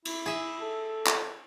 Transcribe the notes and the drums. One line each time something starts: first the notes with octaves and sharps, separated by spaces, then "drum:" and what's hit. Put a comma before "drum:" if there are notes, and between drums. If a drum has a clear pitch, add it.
E4, drum: cymbal
G#4 E5
A4
drum: clap